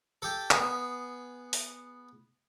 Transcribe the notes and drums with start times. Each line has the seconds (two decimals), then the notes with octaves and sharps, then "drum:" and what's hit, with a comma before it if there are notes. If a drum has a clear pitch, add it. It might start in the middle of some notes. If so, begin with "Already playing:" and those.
0.22 G4 A4
0.51 B3 G#4, drum: clap
1.53 drum: open hi-hat